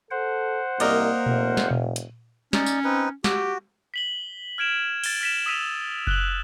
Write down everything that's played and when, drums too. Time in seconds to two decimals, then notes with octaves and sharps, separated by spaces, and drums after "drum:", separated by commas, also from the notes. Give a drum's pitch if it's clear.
0.11 A4 C5 F#5
0.80 C2 A#3 A#4 D5 D#5, drum: cymbal
1.26 F1, drum: tom A#2
1.57 drum: snare
1.71 drum: tom A#2
1.96 drum: hi-hat
2.53 C#4 D#4 D5, drum: snare
2.66 drum: tambourine
2.84 C4 D#4 B4
3.24 F#4 G4, drum: snare
3.94 B6 F#7 G7
4.58 F6 G#6 D7 E7
5.04 A6 G7, drum: cymbal
5.21 F6 B6 E7
5.46 D#6 E6 B6 D#7 F7
6.07 F#6 F#7 G7, drum: kick F#1